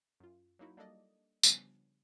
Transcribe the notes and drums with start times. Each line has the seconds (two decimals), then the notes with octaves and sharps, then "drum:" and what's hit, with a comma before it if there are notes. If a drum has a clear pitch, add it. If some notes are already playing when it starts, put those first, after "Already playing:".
0.20 F#2 F4
0.59 F#3 A#3 D#4 E4 F#4
0.77 G3 A#3 D4 A4 D5 D#5
1.43 C#3 F3 G3 B3 C#4 D4, drum: tambourine